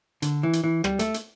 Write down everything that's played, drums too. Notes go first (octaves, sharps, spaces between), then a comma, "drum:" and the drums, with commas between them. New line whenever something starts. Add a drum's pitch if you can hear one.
D3, drum: hi-hat
E3
drum: hi-hat
E3
G3, drum: rim click
A3, drum: hi-hat
drum: hi-hat